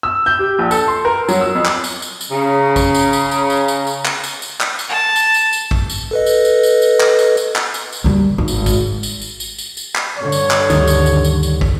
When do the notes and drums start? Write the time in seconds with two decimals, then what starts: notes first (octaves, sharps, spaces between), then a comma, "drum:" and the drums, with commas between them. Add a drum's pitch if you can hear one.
0.03 E6
0.26 G6
0.39 G4
0.59 A#1
0.71 A4, drum: tambourine
0.88 C6
1.05 A#4
1.28 F#3, drum: tambourine
1.41 E6
1.55 F2
1.65 drum: clap
1.84 drum: tambourine
2.02 drum: tambourine
2.21 drum: tambourine
2.31 C#3 C#4 A#5
2.76 drum: kick, tambourine
2.94 drum: tambourine
3.13 drum: tambourine
3.31 drum: tambourine
3.50 drum: tambourine
3.68 drum: tambourine
3.87 drum: tambourine
4.05 drum: clap
4.24 drum: tambourine
4.42 drum: tambourine
4.60 drum: clap
4.79 drum: tambourine
4.89 A5
5.16 drum: tambourine
5.34 drum: tambourine
5.53 drum: tambourine
5.71 drum: kick
5.90 drum: tambourine
6.11 A4 B4 D#5
6.26 drum: tambourine
6.45 drum: tambourine
6.63 drum: tambourine
6.82 drum: tambourine
7.00 drum: clap
7.19 drum: tambourine
7.37 drum: tambourine
7.56 drum: clap
7.74 drum: tambourine
7.92 drum: tambourine
8.04 D#3 G3
8.38 G#1
8.48 drum: tambourine
8.66 drum: kick, tambourine
9.03 drum: tambourine
9.22 drum: tambourine
9.40 drum: tambourine
9.58 drum: tambourine
9.77 drum: tambourine
9.95 drum: clap
10.18 G2 D3 C#5
10.32 drum: tambourine
10.51 drum: clap
10.70 D2 D#3 G3, drum: tambourine
10.88 drum: tambourine
11.06 drum: tambourine
11.24 drum: tambourine
11.43 drum: tambourine
11.61 drum: kick